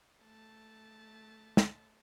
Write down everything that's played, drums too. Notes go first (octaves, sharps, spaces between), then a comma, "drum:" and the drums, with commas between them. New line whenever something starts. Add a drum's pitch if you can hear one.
A3 A5
drum: snare